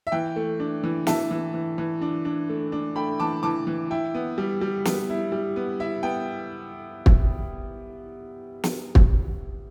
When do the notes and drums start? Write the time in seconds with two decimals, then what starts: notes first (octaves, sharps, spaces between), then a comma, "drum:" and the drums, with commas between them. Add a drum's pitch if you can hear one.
0.07 E5
0.12 E3 G5
0.36 A3
0.60 D4
0.84 E3
1.07 E3 E5 A5, drum: snare
1.31 E3
1.54 E3
1.78 E3
2.02 D4
2.25 D4
2.49 A3
2.72 D4
2.96 A3 G5 B5
3.20 E3 A5 D6
3.43 E3 A5 D6
3.67 E3
3.91 E4 G5
4.14 B3
4.38 G3
4.61 G3
4.85 B3, drum: snare
5.09 E4
5.32 G3
5.56 B3
5.80 E4 E5
6.03 B3 G5
7.06 drum: kick
8.64 drum: snare
8.95 drum: kick